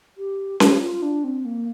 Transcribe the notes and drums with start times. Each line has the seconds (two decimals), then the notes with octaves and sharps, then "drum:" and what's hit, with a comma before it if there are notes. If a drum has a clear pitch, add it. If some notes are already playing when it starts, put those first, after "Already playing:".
0.17 G4
0.60 G4, drum: snare C#4
0.82 F4
1.02 D4
1.24 C4
1.45 A#3